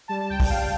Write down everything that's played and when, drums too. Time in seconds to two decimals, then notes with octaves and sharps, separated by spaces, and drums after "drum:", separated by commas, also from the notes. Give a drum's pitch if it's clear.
0.08 G3 A5
0.20 A5
0.30 C#2 G5
0.40 drum: kick, open hi-hat
0.50 C#2 F5